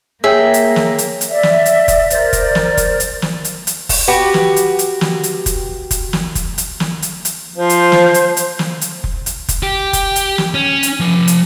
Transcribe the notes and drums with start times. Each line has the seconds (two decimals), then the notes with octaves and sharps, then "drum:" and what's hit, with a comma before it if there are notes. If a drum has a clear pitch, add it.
0.24 A#3 G#4 C#5 E5 G5
0.54 drum: hi-hat
0.76 drum: snare
0.98 drum: hi-hat
1.21 drum: hi-hat
1.30 D5 E5
1.43 drum: snare
1.66 drum: hi-hat
1.88 drum: kick F1, hi-hat
2.10 A#4 C5 D5, drum: hi-hat
2.33 drum: kick F1, hi-hat
2.55 drum: snare
2.77 drum: kick F1, hi-hat
3.00 drum: hi-hat
3.22 drum: snare
3.45 drum: hi-hat
3.67 drum: hi-hat
3.89 drum: kick F1, open hi-hat
4.08 F#4 G4 B4
4.34 drum: snare
4.56 drum: hi-hat
4.79 drum: hi-hat
5.01 drum: snare
5.23 drum: hi-hat
5.46 drum: kick F1, hi-hat
5.91 drum: kick F1, hi-hat
6.13 drum: snare
6.35 drum: kick F1, hi-hat
6.58 drum: hi-hat
6.80 drum: snare
7.02 drum: hi-hat
7.25 drum: hi-hat
7.56 F3 C5
7.70 drum: hi-hat
7.92 drum: snare
8.14 drum: hi-hat
8.37 drum: hi-hat
8.59 drum: snare
8.81 drum: hi-hat
9.04 drum: kick F1
9.26 drum: hi-hat
9.49 drum: kick F1, hi-hat
9.63 G4
9.93 drum: kick F1, hi-hat
10.16 drum: hi-hat
10.38 drum: snare
10.54 C#4
10.83 drum: hi-hat
11.00 F3 G#5
11.27 drum: hi-hat